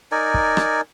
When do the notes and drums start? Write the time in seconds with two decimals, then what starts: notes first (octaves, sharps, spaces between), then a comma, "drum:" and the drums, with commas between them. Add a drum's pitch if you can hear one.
0.12 D#4 A#4 D5 G#5
0.34 drum: kick
0.57 drum: rim click